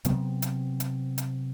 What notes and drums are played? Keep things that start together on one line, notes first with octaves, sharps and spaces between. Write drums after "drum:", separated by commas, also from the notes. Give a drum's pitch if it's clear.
C3 F#3 B3 C4, drum: hi-hat
drum: hi-hat
drum: hi-hat
drum: hi-hat